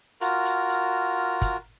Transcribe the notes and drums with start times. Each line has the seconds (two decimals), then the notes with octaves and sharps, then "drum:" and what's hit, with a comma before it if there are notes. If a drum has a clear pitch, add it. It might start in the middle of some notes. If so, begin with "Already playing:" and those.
0.21 F4 F#4 A#4, drum: hi-hat
0.45 drum: hi-hat
0.69 drum: hi-hat
1.42 drum: kick, hi-hat